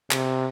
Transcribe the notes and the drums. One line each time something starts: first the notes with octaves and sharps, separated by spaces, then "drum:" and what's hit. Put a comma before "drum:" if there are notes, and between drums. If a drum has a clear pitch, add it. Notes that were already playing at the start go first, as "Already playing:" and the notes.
C3, drum: clap